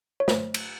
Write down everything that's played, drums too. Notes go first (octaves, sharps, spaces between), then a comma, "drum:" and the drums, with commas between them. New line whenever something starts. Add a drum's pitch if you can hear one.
C#5
A3 C5, drum: snare
drum: cymbal